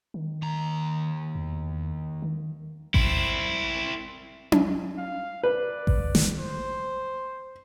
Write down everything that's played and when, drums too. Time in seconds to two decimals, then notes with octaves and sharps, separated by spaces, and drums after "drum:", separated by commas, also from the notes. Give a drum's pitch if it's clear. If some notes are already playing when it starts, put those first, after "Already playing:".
0.14 D#3
0.42 D#2 A#5
1.35 E2
2.22 D#3
2.94 C4 E4, drum: kick A1
4.52 drum: tom C#4
4.98 F5
5.43 B4 D5
5.87 drum: kick A1
6.15 drum: snare
6.40 C5